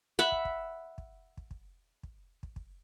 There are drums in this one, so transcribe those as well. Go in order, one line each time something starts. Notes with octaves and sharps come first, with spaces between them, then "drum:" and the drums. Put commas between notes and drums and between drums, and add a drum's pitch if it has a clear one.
E5 F#5 B5
drum: kick
drum: kick
drum: kick
drum: kick
drum: kick
drum: kick
drum: kick
drum: kick